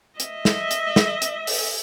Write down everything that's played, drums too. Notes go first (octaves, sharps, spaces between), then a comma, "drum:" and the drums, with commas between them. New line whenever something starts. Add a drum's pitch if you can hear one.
D#5 E5, drum: hi-hat
drum: snare
drum: hi-hat
drum: snare
drum: hi-hat
drum: open hi-hat